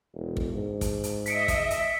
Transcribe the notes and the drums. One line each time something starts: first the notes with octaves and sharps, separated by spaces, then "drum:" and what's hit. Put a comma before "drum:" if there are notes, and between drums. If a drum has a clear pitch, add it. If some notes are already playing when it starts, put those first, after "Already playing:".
E1
drum: kick
G#2
drum: kick, hi-hat
drum: hi-hat
D#5 E5 B6 C#7 D7, drum: hi-hat
drum: kick, hi-hat
drum: hi-hat